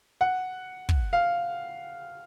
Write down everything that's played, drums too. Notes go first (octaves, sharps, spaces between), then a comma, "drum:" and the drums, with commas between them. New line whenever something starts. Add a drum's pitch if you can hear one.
F#5
drum: kick
F5